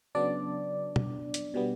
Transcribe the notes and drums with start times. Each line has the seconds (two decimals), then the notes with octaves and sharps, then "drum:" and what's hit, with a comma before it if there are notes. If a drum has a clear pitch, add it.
0.15 C#3 F#3 B3 D4 D5
0.96 drum: tom B2
1.34 drum: hi-hat
1.54 B2 G3 B3